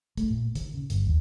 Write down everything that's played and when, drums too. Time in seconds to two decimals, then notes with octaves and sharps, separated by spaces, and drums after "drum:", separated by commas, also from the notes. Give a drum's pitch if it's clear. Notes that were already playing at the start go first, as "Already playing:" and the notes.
0.17 A3, drum: kick, hi-hat
0.30 A#2
0.55 D#3, drum: kick, hi-hat
0.74 C#3
0.90 G1, drum: hi-hat
1.07 D#2